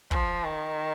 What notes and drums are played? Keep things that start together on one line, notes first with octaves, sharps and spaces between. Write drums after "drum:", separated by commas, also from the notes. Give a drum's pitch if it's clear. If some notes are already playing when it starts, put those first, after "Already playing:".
F3, drum: kick
D#3